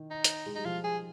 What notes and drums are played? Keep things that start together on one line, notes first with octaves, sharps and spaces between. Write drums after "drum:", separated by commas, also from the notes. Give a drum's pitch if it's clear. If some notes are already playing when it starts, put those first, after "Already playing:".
Already playing: D#3
D#4
drum: hi-hat
G#3
G3 D#4
F3 F4
G#4